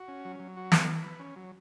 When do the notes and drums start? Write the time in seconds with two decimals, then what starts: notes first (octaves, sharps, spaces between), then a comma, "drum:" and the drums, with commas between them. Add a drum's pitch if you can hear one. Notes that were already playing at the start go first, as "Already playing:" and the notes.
Already playing: F#4
0.08 C#4
0.25 F#3
0.40 F#3
0.57 F#4
0.72 B3, drum: snare
0.88 E3
1.04 B4
1.20 C#4
1.36 F#3